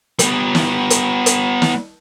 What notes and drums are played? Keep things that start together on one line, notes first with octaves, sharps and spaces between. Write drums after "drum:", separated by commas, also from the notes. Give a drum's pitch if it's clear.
G3 B3, drum: hi-hat
drum: snare
drum: hi-hat
drum: hi-hat
drum: snare